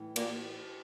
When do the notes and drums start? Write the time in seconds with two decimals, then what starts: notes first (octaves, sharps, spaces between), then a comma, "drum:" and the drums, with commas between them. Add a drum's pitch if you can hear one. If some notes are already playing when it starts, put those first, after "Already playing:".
Already playing: A2 E3 G3
0.16 A#2 A#3, drum: cymbal